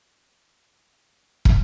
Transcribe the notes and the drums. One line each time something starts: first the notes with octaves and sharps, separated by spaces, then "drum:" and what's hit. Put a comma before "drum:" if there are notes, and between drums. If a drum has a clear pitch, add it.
C5 A5 F6
drum: kick